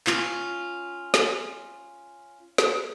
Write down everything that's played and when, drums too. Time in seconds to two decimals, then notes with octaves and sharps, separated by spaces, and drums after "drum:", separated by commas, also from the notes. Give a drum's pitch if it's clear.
0.07 C#4 F4, drum: clap
1.14 drum: snare
2.58 drum: snare